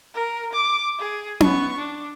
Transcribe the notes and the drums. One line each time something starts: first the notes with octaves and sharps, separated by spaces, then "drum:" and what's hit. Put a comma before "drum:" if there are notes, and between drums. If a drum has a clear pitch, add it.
A#4
D6
G#4
B3 C#6, drum: tom C#4
D4